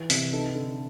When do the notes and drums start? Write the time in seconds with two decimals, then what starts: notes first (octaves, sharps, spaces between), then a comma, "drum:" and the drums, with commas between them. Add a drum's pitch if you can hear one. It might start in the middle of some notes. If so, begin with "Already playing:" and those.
Already playing: E3
0.10 C3, drum: open hi-hat
0.32 D#4 A4 B4
0.55 D3